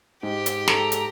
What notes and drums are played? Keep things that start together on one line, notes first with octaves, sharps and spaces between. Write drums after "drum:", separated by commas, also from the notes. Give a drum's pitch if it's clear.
G#2 G4
drum: hi-hat
A4 A#5, drum: snare
drum: hi-hat